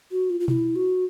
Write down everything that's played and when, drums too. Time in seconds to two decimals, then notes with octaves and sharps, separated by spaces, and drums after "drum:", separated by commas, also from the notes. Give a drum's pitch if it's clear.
0.12 F#4
0.30 F4
0.40 F4
0.48 E4, drum: tom B2
0.76 F#4